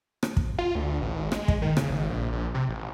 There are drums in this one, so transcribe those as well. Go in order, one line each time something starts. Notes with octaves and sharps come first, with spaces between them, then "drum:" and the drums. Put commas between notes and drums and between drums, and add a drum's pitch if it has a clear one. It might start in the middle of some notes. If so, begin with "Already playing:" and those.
drum: rim click
drum: kick
F4
D2
A1
G#1
G#3, drum: rim click
drum: kick
D#3
C#3, drum: rim click
G#1
A#1
A#1
C3
A1